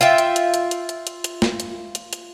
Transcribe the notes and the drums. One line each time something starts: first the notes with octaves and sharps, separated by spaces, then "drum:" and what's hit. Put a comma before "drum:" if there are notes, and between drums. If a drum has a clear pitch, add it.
F4 E5 G5
drum: hi-hat
drum: hi-hat
drum: hi-hat
drum: hi-hat
drum: hi-hat
drum: hi-hat
drum: hi-hat
drum: snare
drum: hi-hat
drum: hi-hat
drum: hi-hat